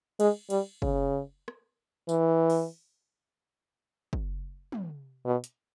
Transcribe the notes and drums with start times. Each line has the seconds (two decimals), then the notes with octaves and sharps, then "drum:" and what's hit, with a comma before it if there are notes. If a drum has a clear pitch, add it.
0.20 G#3, drum: cymbal
0.50 G3, drum: cymbal
0.82 C#3, drum: kick
1.48 drum: rim click
2.09 E3, drum: tambourine
2.50 drum: open hi-hat
4.13 drum: kick
4.72 drum: tom
5.26 B2
5.44 drum: hi-hat